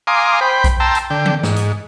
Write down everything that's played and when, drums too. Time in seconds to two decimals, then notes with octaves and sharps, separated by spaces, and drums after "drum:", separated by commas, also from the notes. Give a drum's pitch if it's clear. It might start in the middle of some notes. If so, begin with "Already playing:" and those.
0.07 F5 G#5 A#5 C6 D6 D#6
0.41 C5 G5 B5
0.64 drum: kick B1, hi-hat
0.80 G5 A5 A#5 C6 E6
0.95 drum: hi-hat
1.10 D3 G5
1.26 drum: tom E3
1.43 G#2, drum: snare
1.56 drum: hi-hat